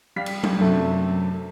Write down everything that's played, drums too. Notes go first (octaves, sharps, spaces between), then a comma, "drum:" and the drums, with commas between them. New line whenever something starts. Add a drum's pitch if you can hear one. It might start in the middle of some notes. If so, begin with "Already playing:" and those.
G3 F5 B6
drum: cymbal
drum: tom F#3
F#2 C3 A3 D4